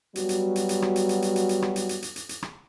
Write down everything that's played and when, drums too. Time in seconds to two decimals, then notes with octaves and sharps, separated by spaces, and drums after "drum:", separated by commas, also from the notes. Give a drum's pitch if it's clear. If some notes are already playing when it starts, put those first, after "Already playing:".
0.15 F#3 G3 B3 F#4, drum: hi-hat
0.29 drum: hi-hat
0.56 drum: hi-hat
0.69 drum: hi-hat
0.82 drum: rim click
0.96 drum: hi-hat
1.09 drum: hi-hat
1.22 drum: hi-hat
1.36 drum: hi-hat
1.49 drum: hi-hat
1.62 drum: rim click
1.76 drum: hi-hat
1.89 drum: hi-hat
2.02 drum: hi-hat
2.16 drum: hi-hat
2.29 drum: hi-hat
2.42 drum: rim click